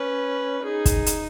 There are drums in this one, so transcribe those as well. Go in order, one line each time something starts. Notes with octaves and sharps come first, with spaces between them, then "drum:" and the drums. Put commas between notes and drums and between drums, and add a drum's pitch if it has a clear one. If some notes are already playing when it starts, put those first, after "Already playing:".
Already playing: C#4 B4
D#4 G#4
drum: kick, hi-hat
drum: hi-hat